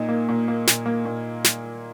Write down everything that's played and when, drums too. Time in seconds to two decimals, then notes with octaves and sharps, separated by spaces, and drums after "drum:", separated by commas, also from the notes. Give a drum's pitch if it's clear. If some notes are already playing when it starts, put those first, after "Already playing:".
Already playing: A#2 D#4
0.09 A#3
0.29 A#2
0.48 A#3
0.67 A#2, drum: snare
0.86 A#3
1.05 A#2
1.44 drum: snare